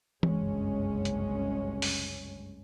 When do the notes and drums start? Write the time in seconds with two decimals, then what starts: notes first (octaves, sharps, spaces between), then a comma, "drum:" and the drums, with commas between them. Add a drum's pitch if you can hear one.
0.23 F#1 C2 G2 G#3 C#4, drum: tom E3
1.05 drum: hi-hat
1.82 drum: open hi-hat